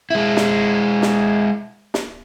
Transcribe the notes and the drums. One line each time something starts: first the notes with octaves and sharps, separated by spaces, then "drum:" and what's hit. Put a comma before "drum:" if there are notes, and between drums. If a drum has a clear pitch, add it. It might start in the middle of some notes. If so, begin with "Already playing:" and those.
G#3 E4
drum: snare
drum: snare
drum: snare